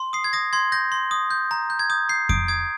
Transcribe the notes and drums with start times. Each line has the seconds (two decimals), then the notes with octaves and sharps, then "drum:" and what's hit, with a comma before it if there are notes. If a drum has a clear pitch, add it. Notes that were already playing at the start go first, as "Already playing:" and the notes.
Already playing: C6
0.13 D#6 C7
0.24 G#6
0.33 D#6 A#6
0.53 C6 G#6
0.72 G6 A#6
0.92 C6
1.11 D#6
1.31 G6
1.51 A#5
1.70 G6
1.79 G#6
1.90 D#6 G6
2.09 G6 C7
2.29 D#6 D7, drum: kick F2
2.48 D#6 G#6